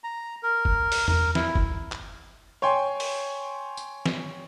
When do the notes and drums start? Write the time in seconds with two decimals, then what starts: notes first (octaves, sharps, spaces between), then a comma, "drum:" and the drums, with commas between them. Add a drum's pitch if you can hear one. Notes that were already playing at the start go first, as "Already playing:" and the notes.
0.04 A#5
0.43 A#4
0.65 drum: kick F#1
0.92 drum: open hi-hat
1.08 A#4, drum: tom E2
1.35 E4, drum: snare
1.55 drum: kick F#1
1.92 drum: clap
2.62 C#5 G5 G#5 C6
3.00 drum: open hi-hat
3.77 drum: tambourine
4.06 drum: snare